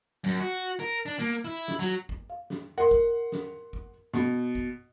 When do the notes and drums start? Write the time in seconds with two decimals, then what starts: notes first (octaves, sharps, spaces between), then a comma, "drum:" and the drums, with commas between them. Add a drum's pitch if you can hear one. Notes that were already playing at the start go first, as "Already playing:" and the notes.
0.24 F#2
0.40 F#4
0.80 A#4
1.06 D4
1.19 A#3
1.45 E4
1.68 drum: snare
1.79 F#3
2.09 drum: kick
2.30 F5
2.50 drum: snare
2.78 A#4 F#5 C6
2.91 drum: kick
3.32 drum: snare
3.73 drum: kick
4.13 B2, drum: snare
4.55 drum: kick